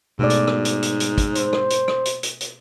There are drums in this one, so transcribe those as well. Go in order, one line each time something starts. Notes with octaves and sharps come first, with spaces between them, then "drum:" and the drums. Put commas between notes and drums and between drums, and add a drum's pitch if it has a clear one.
G#2 B2 A3 D5
drum: hi-hat
drum: rim click
drum: hi-hat
drum: hi-hat
drum: hi-hat
drum: kick, hi-hat
C5, drum: hi-hat
drum: rim click
drum: hi-hat
drum: rim click
drum: hi-hat
drum: hi-hat
drum: hi-hat